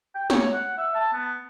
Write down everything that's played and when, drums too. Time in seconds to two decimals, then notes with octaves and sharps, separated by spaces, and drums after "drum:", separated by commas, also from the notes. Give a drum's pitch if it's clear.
0.15 G5
0.30 C#5, drum: snare
0.53 F#5
0.77 E5
0.95 A5
1.13 B3